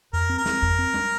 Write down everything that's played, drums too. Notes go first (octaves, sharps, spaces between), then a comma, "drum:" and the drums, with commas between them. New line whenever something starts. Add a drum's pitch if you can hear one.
F2 A#4
C4
A#4
C4, drum: snare
F2, drum: kick
C4
drum: tom G3